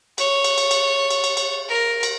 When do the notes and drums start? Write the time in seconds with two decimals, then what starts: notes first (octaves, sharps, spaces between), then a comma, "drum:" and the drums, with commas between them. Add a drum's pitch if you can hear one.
0.18 C#5, drum: cymbal
0.44 drum: cymbal
0.58 drum: cymbal
0.71 drum: cymbal
1.11 drum: cymbal
1.24 drum: cymbal
1.37 drum: cymbal
1.68 A#4
2.03 drum: cymbal